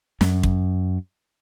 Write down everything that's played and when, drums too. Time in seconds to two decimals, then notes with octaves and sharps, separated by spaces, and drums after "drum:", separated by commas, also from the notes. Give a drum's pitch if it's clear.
0.21 F#2, drum: snare
0.43 drum: kick